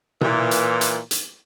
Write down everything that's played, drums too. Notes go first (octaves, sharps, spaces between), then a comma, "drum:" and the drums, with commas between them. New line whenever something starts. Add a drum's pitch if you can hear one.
A#2 E3, drum: tom B2
drum: hi-hat
drum: hi-hat
drum: hi-hat